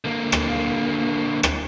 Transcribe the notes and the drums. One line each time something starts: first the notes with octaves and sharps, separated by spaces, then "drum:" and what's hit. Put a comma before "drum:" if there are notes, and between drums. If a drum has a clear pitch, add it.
D3 A#3
drum: rim click
drum: rim click